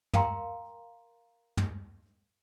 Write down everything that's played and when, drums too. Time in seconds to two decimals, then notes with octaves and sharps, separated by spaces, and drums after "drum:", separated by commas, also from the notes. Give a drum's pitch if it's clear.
0.13 A#4 F5 G5 A#5 C6, drum: tom
1.57 drum: tom